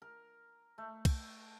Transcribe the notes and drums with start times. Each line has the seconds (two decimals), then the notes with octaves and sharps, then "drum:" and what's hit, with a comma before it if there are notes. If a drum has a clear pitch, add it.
0.02 A#4
0.78 A3
1.05 drum: kick, cymbal